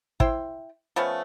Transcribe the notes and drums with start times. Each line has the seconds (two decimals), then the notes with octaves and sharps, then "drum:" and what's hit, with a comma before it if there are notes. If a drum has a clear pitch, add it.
0.20 E4 C5 G5, drum: kick
0.96 F3 A3 B3 C#4